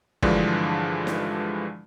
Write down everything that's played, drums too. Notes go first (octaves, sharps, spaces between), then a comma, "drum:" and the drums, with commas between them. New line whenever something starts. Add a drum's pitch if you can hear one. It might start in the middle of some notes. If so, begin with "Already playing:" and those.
G2 D3 E3 F3 G#3 D4, drum: kick
drum: snare